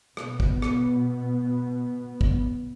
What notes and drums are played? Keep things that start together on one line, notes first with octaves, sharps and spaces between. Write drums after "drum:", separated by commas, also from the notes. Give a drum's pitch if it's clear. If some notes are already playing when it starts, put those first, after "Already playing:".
B2 B3, drum: rim click
drum: kick
drum: rim click
drum: kick